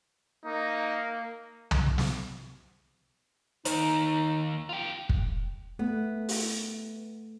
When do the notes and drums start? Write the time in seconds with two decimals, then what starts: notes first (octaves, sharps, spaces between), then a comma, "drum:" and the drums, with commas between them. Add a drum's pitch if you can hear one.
0.46 A#3 D#4
1.71 drum: tom
1.98 drum: snare
3.65 D#2 D#4, drum: hi-hat
4.69 F4 G4
5.09 drum: kick
5.79 A3 B3
6.29 drum: open hi-hat